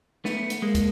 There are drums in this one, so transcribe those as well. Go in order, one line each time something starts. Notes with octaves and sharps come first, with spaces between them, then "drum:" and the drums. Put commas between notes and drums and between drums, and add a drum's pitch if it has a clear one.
A3 B3, drum: snare
drum: hi-hat
G#3 A#3
drum: kick, hi-hat